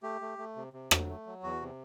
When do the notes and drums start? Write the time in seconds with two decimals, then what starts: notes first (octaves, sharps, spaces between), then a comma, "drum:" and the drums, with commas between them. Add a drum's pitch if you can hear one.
0.03 A3 G4
0.21 A3
0.38 A3
0.56 C3
0.73 C3
0.91 F#3, drum: rim click
1.09 A3
1.26 F#3
1.43 E2 F#4
1.61 C3